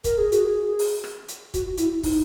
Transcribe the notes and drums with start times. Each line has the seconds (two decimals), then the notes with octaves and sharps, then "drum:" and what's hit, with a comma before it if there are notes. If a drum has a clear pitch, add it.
0.04 A#4, drum: kick, hi-hat
0.18 G#4
0.32 F#4, drum: hi-hat
0.45 G#4
0.79 drum: open hi-hat
1.04 drum: rim click
1.28 drum: hi-hat
1.54 F#4, drum: kick, hi-hat
1.78 E4, drum: hi-hat
2.03 D#4, drum: kick, open hi-hat